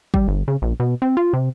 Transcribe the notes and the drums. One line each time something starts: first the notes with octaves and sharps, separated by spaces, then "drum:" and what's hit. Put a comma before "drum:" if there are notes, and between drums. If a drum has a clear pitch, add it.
G3, drum: kick
G1
C#3
A#1
B2
C4
F4
C3